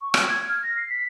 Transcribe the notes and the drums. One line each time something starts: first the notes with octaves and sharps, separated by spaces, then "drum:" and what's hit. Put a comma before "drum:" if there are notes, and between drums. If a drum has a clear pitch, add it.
C#6
D7, drum: rim click
G#6
F6
A#6
C7
B6